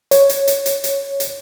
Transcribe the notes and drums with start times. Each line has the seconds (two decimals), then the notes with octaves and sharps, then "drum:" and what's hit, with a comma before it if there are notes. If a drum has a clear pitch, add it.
0.11 C#5, drum: hi-hat
0.29 drum: hi-hat
0.48 drum: hi-hat
0.66 drum: hi-hat
0.84 drum: hi-hat
1.20 drum: hi-hat